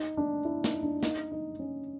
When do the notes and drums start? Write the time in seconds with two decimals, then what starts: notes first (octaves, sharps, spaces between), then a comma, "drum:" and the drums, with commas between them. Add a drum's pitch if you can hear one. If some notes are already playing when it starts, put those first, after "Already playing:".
Already playing: D#4
0.17 D4
0.45 E4
0.64 D#4, drum: snare
0.83 D4
1.03 D#4, drum: snare
1.32 D#4
1.59 C#4